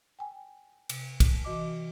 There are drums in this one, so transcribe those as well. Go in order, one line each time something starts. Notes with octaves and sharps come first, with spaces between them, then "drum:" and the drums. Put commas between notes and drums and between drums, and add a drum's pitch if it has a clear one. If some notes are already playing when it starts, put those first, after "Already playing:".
G5 G#5
C3, drum: cymbal
drum: kick, cymbal
E3 F#4 D#5 D6